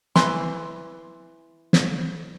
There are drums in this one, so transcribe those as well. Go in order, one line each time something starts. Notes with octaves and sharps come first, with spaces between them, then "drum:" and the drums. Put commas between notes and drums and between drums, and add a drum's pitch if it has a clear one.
E3 C6, drum: snare
drum: snare